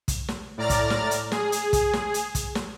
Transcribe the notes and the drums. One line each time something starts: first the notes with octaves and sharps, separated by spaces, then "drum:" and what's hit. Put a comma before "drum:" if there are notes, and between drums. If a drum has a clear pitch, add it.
drum: kick, hi-hat
drum: snare
A2 D5 A#5 F6 A6
drum: kick, hi-hat
drum: snare
drum: hi-hat
G#4, drum: snare
drum: hi-hat
drum: kick, hi-hat
drum: snare
drum: hi-hat
drum: kick, hi-hat
drum: snare